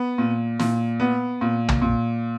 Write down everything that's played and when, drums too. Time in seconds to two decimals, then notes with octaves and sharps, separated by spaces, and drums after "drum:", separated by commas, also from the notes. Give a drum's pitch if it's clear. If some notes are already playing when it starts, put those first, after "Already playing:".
Already playing: B3
0.18 A#2
0.59 A#2, drum: snare
1.00 B3
1.41 A#2
1.68 drum: tom
1.82 A#2